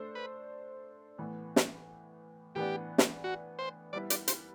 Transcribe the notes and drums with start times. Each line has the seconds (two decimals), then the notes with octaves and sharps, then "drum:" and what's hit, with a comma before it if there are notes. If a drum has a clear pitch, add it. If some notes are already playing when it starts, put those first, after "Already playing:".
Already playing: A3 D4 A4 C5
0.15 B4
1.18 A2 E3 B3
1.56 drum: snare
2.55 A2 E3 B3 D4 G4
2.98 drum: snare
3.24 F#4
3.59 C5
3.93 G3 B3 E4 B4 D5
4.10 D5, drum: hi-hat
4.28 C5, drum: hi-hat